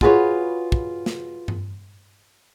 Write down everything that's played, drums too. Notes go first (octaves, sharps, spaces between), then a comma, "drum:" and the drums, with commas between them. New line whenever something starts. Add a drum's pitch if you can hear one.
F4 F#4 G#4 A4 B4 C#5, drum: kick
drum: kick
drum: snare
drum: tom G2